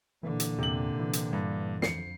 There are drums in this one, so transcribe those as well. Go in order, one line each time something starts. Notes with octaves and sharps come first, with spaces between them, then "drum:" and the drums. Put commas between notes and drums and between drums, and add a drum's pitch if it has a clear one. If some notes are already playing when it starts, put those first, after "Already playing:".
A#2 D3 E3
drum: hi-hat
E2 C3 F#7
E3
drum: hi-hat
G2 E3
F2 C7 C#7, drum: snare